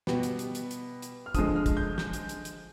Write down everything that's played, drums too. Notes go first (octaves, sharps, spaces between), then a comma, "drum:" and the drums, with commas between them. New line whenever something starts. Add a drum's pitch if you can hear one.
B2 G3 B3, drum: snare
drum: hi-hat
drum: hi-hat
drum: hi-hat
drum: hi-hat
drum: hi-hat
F6
D3 F3 G#3 D#6, drum: kick, hi-hat
F6
drum: kick, hi-hat
G6
G6, drum: snare
drum: hi-hat
drum: hi-hat
drum: hi-hat